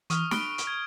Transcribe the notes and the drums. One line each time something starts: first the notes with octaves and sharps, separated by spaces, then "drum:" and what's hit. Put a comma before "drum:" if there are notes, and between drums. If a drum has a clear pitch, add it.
E3 C#6 D#6 F6, drum: hi-hat
B5 F#6 D7 G7, drum: snare
drum: hi-hat
G#6